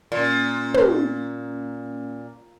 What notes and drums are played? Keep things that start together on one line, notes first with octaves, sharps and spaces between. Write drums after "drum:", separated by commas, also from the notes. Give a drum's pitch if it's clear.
A#2 A#3 C#4
drum: tom